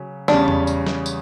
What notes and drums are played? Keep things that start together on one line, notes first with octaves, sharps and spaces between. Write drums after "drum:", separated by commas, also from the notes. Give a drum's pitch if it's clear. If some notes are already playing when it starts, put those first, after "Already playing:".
Already playing: C#3 F#3 C#4
E2 C#3 G3 C#4 D4, drum: snare
drum: tom E2
drum: tambourine
drum: snare
drum: tambourine